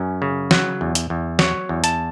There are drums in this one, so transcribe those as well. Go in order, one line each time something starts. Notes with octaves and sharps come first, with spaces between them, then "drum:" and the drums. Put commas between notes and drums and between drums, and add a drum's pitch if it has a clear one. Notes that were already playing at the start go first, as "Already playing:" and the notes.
Already playing: F#2 C#4
C#3
F#3, drum: snare
E2
drum: hi-hat
E2
F#3 C#5, drum: snare
E2
A5, drum: hi-hat